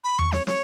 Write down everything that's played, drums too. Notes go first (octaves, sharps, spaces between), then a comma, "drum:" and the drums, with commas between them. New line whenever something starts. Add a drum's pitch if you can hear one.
B5
C#6, drum: tom E2
C#5, drum: snare
C#5, drum: snare